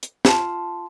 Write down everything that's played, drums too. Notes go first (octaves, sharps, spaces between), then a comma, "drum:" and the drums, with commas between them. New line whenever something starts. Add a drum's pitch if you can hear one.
drum: hi-hat
F4 A5, drum: snare